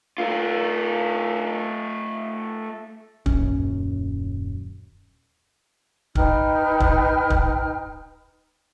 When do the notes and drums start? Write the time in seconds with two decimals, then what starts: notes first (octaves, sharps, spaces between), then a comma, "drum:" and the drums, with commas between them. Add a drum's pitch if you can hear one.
0.18 A3 F4
3.26 D#1 F#2 C#4, drum: kick
6.15 D#4 B4 G5 F6, drum: kick
6.80 drum: kick
7.30 drum: kick